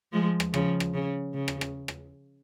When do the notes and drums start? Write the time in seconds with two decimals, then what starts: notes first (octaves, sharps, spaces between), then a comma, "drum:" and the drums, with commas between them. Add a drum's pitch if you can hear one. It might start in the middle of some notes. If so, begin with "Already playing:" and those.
0.12 F3 G#3
0.40 drum: rim click
0.54 C#3 F3, drum: rim click
0.80 drum: rim click
0.94 C#3
1.34 C#3
1.48 drum: rim click
1.61 drum: rim click
1.88 drum: rim click